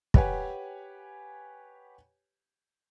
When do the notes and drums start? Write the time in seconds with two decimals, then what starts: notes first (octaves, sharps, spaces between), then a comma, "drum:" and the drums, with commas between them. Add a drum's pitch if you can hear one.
0.14 G4 B4 C#5 F#5 G#5, drum: kick